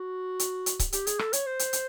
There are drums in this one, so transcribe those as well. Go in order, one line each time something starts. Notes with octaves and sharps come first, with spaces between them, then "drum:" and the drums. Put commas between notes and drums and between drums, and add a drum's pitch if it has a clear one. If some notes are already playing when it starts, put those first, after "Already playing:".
Already playing: F#4
drum: hi-hat
drum: hi-hat
drum: kick C#1, hi-hat
G4, drum: hi-hat
G#4, drum: hi-hat
A4, drum: rim click
C#5, drum: hi-hat
C5
drum: hi-hat
drum: hi-hat